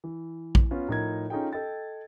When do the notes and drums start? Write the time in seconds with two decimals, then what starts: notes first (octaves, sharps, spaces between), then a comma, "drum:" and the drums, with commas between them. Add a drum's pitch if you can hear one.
0.04 E3
0.55 drum: kick A#1
0.71 B3 C#4 F4
0.89 A2 F3 D#4 A#4 G#6
1.30 C#4 D#4 F4 G#4 A4 G5
1.53 A4 D#5 G5 A6